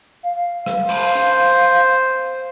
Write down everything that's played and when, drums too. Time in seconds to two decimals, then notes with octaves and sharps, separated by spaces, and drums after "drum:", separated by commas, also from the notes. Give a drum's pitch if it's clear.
0.23 F5
0.66 drum: rim click
0.89 C5, drum: cymbal
1.15 drum: hi-hat